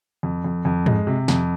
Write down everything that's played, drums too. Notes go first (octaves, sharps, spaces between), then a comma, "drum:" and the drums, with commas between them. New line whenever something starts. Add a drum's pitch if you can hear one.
F2
F2
F2
G#3, drum: tom
C3
F2, drum: snare